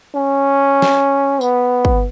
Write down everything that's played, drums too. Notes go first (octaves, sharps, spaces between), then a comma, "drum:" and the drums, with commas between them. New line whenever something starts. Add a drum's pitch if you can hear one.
C#4
drum: snare
B3, drum: tambourine
drum: kick